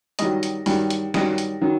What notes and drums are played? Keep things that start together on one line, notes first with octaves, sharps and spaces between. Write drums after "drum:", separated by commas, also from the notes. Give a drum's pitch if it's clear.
G2 D#3 F#3 D#5, drum: hi-hat
drum: hi-hat
G2 D#3 F#3, drum: open hi-hat
drum: hi-hat
G2 D#3 F#3 D#5, drum: snare
drum: hi-hat
D#3 F#3